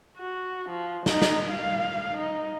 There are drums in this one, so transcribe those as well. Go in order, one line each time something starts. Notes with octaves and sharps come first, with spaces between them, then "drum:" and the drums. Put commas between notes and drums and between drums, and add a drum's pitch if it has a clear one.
F#4
F3
D#4, drum: snare
drum: snare
F5
D#4